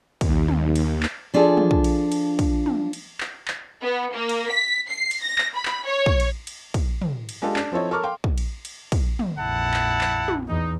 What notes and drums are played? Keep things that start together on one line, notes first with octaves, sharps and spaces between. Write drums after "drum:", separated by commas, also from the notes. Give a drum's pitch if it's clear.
D#2, drum: kick, cymbal
drum: tom
drum: cymbal
drum: clap
F3 D4 F4 G#4 A4
drum: tom
drum: kick
drum: cymbal
drum: cymbal
drum: kick, cymbal
drum: tom
drum: cymbal
drum: clap
drum: clap
B3
A#3
drum: cymbal
B6
C7
drum: cymbal
A#6
drum: clap
B5
drum: clap
C#5
drum: kick
drum: cymbal
drum: cymbal
drum: kick, cymbal
drum: tom
drum: cymbal
G#3 D4 F4 G4 A4
D4, drum: clap
F3 C4 E4 A4 C#5 D#5
A4 A#4 C#5 C#6 D6 F6
F5 G5 C6
drum: kick
drum: cymbal
drum: cymbal
drum: kick, cymbal
drum: tom
A#1 F2 E4 F#5 A5
drum: clap
drum: clap
drum: tom
E2 D#4